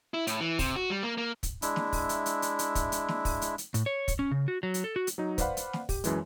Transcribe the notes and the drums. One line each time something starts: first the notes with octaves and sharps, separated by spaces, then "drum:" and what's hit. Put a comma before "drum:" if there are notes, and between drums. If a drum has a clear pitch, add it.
E4
A2, drum: hi-hat
E3
C3, drum: kick, open hi-hat
F#4
G3
A#3
A#3
drum: kick, hi-hat
G#3 D4 E4 E5, drum: hi-hat
drum: snare
drum: kick, open hi-hat
drum: hi-hat
drum: hi-hat
drum: hi-hat
drum: hi-hat
drum: kick, hi-hat
drum: hi-hat
drum: snare
drum: kick, open hi-hat
drum: hi-hat
drum: hi-hat
A2, drum: hi-hat
C#5
drum: kick, hi-hat
C#4
C#3
F#4
F#3
drum: hi-hat
A4
F#4
drum: hi-hat
F#3 D#4
B4 C5 D5 F5 F#5 B5, drum: kick, hi-hat
drum: hi-hat
drum: snare
G4, drum: kick, open hi-hat
F#2 E3 G#3, drum: hi-hat